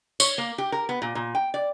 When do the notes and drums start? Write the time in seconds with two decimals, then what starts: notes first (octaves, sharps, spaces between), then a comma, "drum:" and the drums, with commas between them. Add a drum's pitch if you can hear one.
0.20 C#5, drum: tambourine
0.38 A#3
0.58 G4
0.72 A#4
0.89 B3
1.02 A#2
1.15 A#2
1.35 G5
1.54 D5